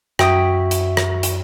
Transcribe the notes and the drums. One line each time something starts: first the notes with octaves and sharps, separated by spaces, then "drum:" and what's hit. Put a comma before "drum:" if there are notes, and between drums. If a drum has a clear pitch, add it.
F#2 F#4 E5 G5 D#6, drum: rim click
drum: hi-hat
drum: rim click
drum: hi-hat